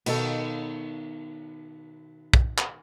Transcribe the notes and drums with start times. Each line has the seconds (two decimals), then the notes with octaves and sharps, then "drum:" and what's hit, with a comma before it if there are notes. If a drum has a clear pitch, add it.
0.06 B2 D#3 D#4 A4, drum: cymbal
2.33 drum: kick
2.58 drum: clap